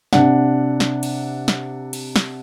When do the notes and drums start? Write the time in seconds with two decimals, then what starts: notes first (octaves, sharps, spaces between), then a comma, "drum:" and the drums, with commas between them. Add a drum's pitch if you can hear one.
0.13 C3 D4 F#5, drum: snare
0.80 drum: snare
1.03 drum: cymbal
1.48 drum: snare
1.93 drum: cymbal
2.16 drum: snare